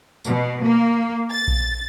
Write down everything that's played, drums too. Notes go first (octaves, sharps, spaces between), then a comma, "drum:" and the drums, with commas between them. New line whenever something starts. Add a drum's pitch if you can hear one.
B2, drum: tambourine
A#3
A6
drum: kick A#1